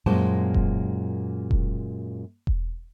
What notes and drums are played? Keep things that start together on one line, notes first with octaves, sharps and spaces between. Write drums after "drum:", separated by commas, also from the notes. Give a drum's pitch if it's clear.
F#2 A#2 G#3 A#3 C5 A5
drum: kick E1
drum: kick E1
drum: kick E1